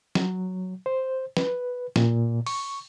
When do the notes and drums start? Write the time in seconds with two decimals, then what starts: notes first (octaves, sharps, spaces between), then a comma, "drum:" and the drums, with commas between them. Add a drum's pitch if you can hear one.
0.15 F#3, drum: snare
0.86 C5
1.37 B4, drum: snare
1.96 A#2, drum: snare
2.47 C#6, drum: open hi-hat